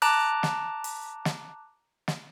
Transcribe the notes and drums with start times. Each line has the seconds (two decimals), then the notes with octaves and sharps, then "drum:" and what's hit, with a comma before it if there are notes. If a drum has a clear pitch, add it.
0.02 A5 A#5 D6 F#6, drum: open hi-hat
0.43 drum: snare
0.84 drum: open hi-hat
1.25 drum: snare
2.08 drum: snare